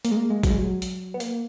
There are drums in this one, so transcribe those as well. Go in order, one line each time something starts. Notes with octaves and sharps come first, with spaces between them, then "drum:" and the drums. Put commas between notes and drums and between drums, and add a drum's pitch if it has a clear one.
A#3, drum: hi-hat
G#3
A#3
G#3
F#3, drum: kick, hi-hat
G#3
F#3
drum: hi-hat
B3
A#3, drum: hi-hat